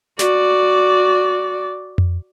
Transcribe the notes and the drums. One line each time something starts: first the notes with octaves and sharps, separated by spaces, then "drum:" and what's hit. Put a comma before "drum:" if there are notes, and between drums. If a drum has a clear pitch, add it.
F#4 D5, drum: snare
drum: tom F2